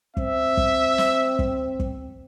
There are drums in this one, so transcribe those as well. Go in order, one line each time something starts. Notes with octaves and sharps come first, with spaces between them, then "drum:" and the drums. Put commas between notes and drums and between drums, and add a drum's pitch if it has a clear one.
C4 E5, drum: kick
drum: kick
drum: snare
drum: kick
drum: kick